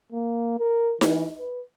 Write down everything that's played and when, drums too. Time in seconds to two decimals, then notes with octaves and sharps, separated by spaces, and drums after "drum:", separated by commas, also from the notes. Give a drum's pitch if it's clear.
0.13 A#3
0.59 A#4
1.01 E3, drum: snare D#4
1.39 B4